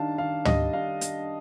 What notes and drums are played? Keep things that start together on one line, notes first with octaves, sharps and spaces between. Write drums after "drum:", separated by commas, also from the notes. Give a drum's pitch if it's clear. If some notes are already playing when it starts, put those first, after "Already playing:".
Already playing: D#3 G3 D4 F5 A5
D#3 F5
G3 D#5, drum: tom
D4 F5
drum: hi-hat